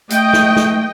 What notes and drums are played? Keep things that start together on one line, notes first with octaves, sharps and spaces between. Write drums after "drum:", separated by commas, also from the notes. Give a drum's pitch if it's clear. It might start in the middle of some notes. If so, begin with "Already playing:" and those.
A3 D#5 G5, drum: hi-hat
drum: snare
drum: snare